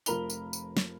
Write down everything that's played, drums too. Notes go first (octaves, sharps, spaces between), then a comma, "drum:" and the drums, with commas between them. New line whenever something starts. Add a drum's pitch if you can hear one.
F1 F3 A#4 B5 F7 G7, drum: tambourine
drum: tambourine
drum: tambourine
drum: snare